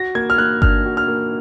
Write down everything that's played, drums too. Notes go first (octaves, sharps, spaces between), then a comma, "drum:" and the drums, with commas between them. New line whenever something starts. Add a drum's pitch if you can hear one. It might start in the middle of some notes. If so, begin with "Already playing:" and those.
Already playing: F#4 A#6
A#3 G#6
F6
A#3 F#6
D4 F6, drum: kick G1
F#4
F6
A#3